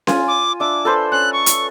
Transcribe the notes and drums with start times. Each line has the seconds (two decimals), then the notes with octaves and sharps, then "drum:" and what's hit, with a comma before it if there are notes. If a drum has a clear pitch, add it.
0.07 F4 G#5, drum: snare C#4
0.28 D6
0.60 D4 E5 D6
0.85 A4 B4 C5
1.12 C#4 F#6
1.33 C#6
1.46 drum: hi-hat